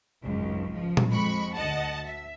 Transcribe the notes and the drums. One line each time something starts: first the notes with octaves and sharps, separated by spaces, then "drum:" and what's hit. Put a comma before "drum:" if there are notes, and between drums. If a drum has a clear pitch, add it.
G#1 C#2 F#2
F3
drum: tom A#2
F2 G#3 B5 C#6
D2 D#5 F#5 A5
E5